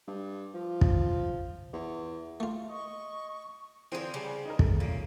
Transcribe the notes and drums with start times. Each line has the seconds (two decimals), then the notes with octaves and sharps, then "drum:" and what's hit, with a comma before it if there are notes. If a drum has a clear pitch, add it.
0.07 G2
0.54 F3
0.81 drum: kick
1.73 E2
2.40 A3 F4
2.70 D#5 C#6
3.92 D3 E3 F3 C4 G#4 A#4 C5
4.14 C#3 G3 G4
4.45 D#4 A#4
4.59 A3, drum: kick
4.80 A#2 C#3 A#3